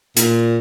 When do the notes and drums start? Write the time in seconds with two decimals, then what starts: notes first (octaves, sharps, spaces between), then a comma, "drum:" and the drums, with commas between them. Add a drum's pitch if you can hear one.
0.17 A#2, drum: hi-hat